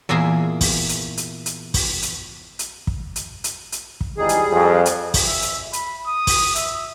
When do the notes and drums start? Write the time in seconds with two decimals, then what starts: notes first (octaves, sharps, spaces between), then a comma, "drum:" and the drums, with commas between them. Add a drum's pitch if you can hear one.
0.09 E2 A#2 A#3 E4 G#4
0.61 drum: kick, open hi-hat
0.89 drum: hi-hat
1.17 drum: hi-hat
1.46 drum: hi-hat
1.74 drum: kick, open hi-hat
2.02 drum: hi-hat
2.59 drum: hi-hat
2.87 drum: kick
3.16 drum: hi-hat
3.44 drum: hi-hat
3.72 drum: hi-hat
4.01 drum: kick
4.18 G#1 E3 G3 D#4 G#4
4.29 drum: hi-hat
4.53 F2
4.86 drum: hi-hat
5.14 drum: kick, open hi-hat
5.26 E5
5.42 drum: hi-hat
5.73 B5, drum: hi-hat
6.07 D#6
6.27 drum: kick, open hi-hat
6.55 E5, drum: hi-hat